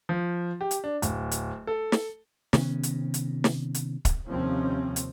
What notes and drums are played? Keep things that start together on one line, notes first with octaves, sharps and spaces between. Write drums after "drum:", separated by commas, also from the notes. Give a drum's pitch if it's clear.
F3
G4
drum: hi-hat
D4
D1, drum: hi-hat
drum: hi-hat
A4
drum: snare
C3 D#3 B3 C#4, drum: snare
drum: hi-hat
drum: hi-hat
drum: snare
drum: hi-hat
drum: kick, hi-hat
D#2 C3 F3 C4 C#4
drum: hi-hat